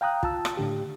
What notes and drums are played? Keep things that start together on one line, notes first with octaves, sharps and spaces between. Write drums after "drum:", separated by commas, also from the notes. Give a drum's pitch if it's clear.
F5 G5 A#5 D#6 F#6
F4 A5 E6, drum: kick
drum: rim click
A2 D3 G4